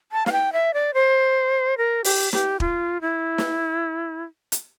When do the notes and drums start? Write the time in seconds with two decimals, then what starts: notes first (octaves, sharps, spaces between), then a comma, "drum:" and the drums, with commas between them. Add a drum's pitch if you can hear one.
0.12 A5
0.26 F5, drum: snare
0.32 G5
0.53 E5
0.74 D5
0.94 C5
1.78 A#4
2.04 G4, drum: open hi-hat
2.33 G4, drum: snare
2.60 F4, drum: kick
3.01 E4
3.38 drum: snare
4.52 drum: hi-hat